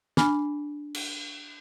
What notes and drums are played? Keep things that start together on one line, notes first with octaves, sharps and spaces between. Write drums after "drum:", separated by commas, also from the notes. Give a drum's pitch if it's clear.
D4 G#5 B5 F6, drum: snare
drum: cymbal